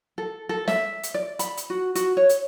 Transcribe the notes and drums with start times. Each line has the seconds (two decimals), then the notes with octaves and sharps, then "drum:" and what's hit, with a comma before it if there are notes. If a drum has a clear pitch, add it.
0.18 A4
0.49 A4
0.68 E5, drum: snare
1.03 drum: hi-hat
1.14 D5
1.39 B5, drum: hi-hat
1.57 drum: hi-hat
1.70 F#4
1.95 F#4, drum: hi-hat
2.17 C#5
2.29 drum: hi-hat